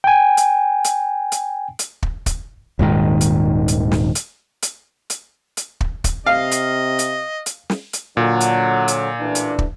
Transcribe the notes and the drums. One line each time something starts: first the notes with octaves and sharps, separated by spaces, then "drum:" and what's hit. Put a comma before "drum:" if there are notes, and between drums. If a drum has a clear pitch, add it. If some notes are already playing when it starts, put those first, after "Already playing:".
G5 G#5
drum: hi-hat
drum: hi-hat
drum: hi-hat
drum: hi-hat
drum: kick
drum: kick, hi-hat
D#1 G#2 D#3
drum: hi-hat
drum: hi-hat
drum: snare
drum: hi-hat
drum: hi-hat
drum: hi-hat
drum: hi-hat
drum: kick
drum: kick, hi-hat
C3 D#5 F5
drum: hi-hat
drum: hi-hat
drum: hi-hat
drum: snare
drum: hi-hat
A#2 D3 F#3
drum: hi-hat
drum: hi-hat
A1 E3 D4
drum: hi-hat
drum: kick